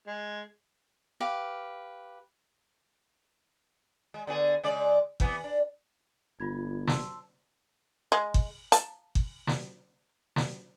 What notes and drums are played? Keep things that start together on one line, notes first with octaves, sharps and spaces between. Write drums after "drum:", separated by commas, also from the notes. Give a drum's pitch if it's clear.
G#3
G4 B4 F5
G#3
D3 B3 G#4
C#3 G#3 D5
C3 E3 B3, drum: kick G1
D4
G1 F4 B5 G#6
A5 C6 E6, drum: snare
G#3
drum: kick G1
A5, drum: hi-hat
drum: kick G1
drum: snare
drum: snare